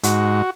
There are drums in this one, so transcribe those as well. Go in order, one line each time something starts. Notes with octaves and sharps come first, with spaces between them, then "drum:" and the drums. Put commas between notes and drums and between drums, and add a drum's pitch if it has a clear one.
G#2 F#4, drum: hi-hat